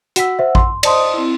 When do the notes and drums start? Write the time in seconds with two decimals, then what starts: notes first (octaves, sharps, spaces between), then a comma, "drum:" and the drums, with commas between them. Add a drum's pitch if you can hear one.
0.16 F#4 F#5 E6 B6, drum: hi-hat
0.39 C5 E5
0.55 C6, drum: kick A1
0.83 C5 D5 D#5 A5 C6 D#6, drum: cymbal
1.14 C4 E4